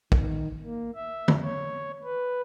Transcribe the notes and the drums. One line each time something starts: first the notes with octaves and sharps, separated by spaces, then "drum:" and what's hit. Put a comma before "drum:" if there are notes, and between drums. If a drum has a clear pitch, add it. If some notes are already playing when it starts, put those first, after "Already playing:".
D#3, drum: kick
A#3
E5
drum: tom
C#5
B4